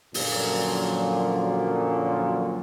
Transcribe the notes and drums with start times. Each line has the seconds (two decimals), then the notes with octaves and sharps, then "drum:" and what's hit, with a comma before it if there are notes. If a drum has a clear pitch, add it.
0.14 F#2 A#2 D3 F3 F#3, drum: open hi-hat